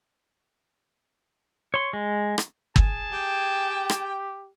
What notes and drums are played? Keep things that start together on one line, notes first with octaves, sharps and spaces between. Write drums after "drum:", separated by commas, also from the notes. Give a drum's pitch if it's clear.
C#5 C6
G#3
drum: rim click
G#4 G#5 A5, drum: kick
G4 G5
drum: rim click